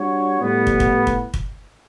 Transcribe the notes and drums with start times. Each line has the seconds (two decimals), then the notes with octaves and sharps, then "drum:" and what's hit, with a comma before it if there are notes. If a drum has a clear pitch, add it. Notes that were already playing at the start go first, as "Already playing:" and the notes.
Already playing: G3 D4 F#4 C#5
0.40 A2 G3 B3
0.67 drum: kick
0.80 drum: kick
1.07 drum: kick
1.34 drum: kick